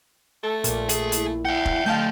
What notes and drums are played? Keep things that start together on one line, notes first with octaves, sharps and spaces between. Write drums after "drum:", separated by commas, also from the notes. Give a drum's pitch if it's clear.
A3 A4
A#1 A#2, drum: hi-hat
G#4, drum: hi-hat
E4, drum: hi-hat
E5 F#5 G5
drum: kick
D3 A3 D#5 F5 A5 G6